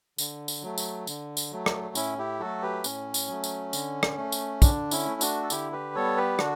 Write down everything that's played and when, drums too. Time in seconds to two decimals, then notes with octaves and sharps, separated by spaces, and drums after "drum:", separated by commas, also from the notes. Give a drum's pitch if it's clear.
0.18 D3, drum: tambourine
0.48 drum: tambourine
0.62 F#3 A3
0.78 drum: tambourine
1.07 D3, drum: tambourine
1.37 drum: tambourine
1.52 F#3 A3
1.66 drum: rim click
1.95 A2 C#4 E4, drum: tambourine
2.18 E4 G4
2.40 F#3 A3 F#4 A4
2.62 G4 B4
2.84 A2 C#4, drum: tambourine
3.14 drum: tambourine
3.28 F#3 A3
3.44 drum: tambourine
3.73 D3, drum: tambourine
4.03 drum: rim click
4.18 A3
4.32 drum: tambourine
4.62 D3 D4, drum: kick, tambourine
4.91 C#4 E4, drum: tambourine
5.06 A3
5.21 D4 F#4, drum: tambourine
5.43 A4
5.50 D3 E4 G4, drum: tambourine
5.72 G4 B4
5.95 G3 B3 A4 C#5
6.17 G4 B4
6.39 D3 D4 F#4, drum: rim click